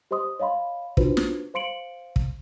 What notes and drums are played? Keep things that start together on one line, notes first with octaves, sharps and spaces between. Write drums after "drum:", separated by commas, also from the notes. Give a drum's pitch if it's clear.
G4 C5 D#5 C6 D#6
C#5 D#5 F5 B5 C6
D4 D#4 F4 F#4 B4 C5, drum: kick
drum: snare
C5 F5 C6 C#7 D7 F#7
drum: kick